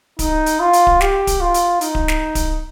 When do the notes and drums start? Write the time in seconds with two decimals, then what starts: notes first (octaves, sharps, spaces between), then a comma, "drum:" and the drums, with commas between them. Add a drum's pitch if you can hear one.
0.19 D#4, drum: kick D1, hi-hat
0.46 drum: hi-hat
0.60 F4
0.73 drum: hi-hat
0.87 drum: kick D1
1.01 G4, drum: snare
1.27 drum: kick D1, hi-hat
1.40 F4
1.54 drum: hi-hat
1.81 D#4, drum: hi-hat
1.95 drum: kick D1
2.08 drum: snare
2.35 drum: kick D1, hi-hat